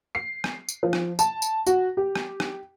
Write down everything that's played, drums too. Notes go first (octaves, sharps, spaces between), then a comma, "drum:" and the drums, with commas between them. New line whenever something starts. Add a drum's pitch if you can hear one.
C7
drum: rim click
drum: tambourine
F3
drum: rim click
A5, drum: tambourine
drum: tambourine
F#4, drum: tambourine
G4
drum: rim click
drum: rim click